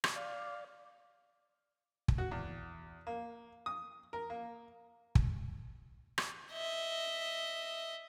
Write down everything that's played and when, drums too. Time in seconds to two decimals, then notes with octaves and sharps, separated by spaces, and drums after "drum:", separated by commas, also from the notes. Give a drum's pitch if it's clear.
0.04 drum: rim click
0.16 D5 F5
2.08 drum: kick
2.18 F#4
2.31 E2
3.07 A#3
3.66 D#6
4.13 A#4
4.30 A#3
5.15 drum: kick
6.18 drum: rim click
6.53 D#5 E5